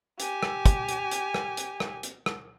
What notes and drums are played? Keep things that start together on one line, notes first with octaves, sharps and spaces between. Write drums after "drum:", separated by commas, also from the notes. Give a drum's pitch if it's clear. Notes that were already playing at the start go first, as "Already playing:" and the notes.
G4 G#5, drum: hi-hat
drum: rim click
drum: kick, hi-hat
drum: hi-hat
drum: hi-hat
drum: rim click
drum: hi-hat
drum: rim click
drum: hi-hat
drum: rim click